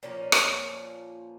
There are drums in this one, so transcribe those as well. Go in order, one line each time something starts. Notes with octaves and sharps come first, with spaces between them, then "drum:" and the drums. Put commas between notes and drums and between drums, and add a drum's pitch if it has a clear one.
A#2 F3 A#3 C#4
drum: rim click